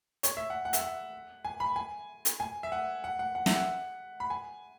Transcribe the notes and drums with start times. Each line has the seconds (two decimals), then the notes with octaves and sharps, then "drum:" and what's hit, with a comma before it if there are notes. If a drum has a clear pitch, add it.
0.23 C#5, drum: hi-hat
0.37 E5
0.50 F#5
0.65 F#5
0.73 E5, drum: hi-hat
0.80 F#5
1.45 G#5
1.60 B5
1.76 G#5
2.25 drum: hi-hat
2.40 G#5
2.63 E5
2.72 F#5
3.04 F#5
3.19 F#5
3.35 F#5
3.46 E5, drum: snare
3.56 F#5
4.20 B5
4.30 G#5